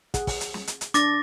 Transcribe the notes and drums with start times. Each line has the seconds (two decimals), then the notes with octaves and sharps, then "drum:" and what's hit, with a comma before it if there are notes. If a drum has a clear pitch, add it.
0.14 G#4 F#5, drum: kick, hi-hat
0.27 drum: kick, open hi-hat
0.41 drum: hi-hat
0.54 drum: snare
0.67 drum: hi-hat
0.81 drum: hi-hat
0.94 D4 D6 A6 A#6, drum: hi-hat